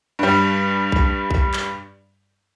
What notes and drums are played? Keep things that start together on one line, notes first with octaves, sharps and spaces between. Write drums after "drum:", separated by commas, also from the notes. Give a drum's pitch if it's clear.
G2 G3
drum: kick B1
drum: kick B1
drum: clap